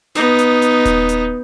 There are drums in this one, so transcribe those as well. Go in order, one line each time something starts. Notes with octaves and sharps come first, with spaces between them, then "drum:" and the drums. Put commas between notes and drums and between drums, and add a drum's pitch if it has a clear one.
B3 D#4, drum: snare
drum: hi-hat
drum: hi-hat
drum: kick D#1, hi-hat
drum: hi-hat